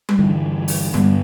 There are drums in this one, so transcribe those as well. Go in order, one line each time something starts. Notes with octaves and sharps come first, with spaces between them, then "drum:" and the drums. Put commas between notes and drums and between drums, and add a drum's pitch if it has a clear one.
drum: tom G3
G2 D3 E3
drum: open hi-hat
G2 D3 B3, drum: tom G3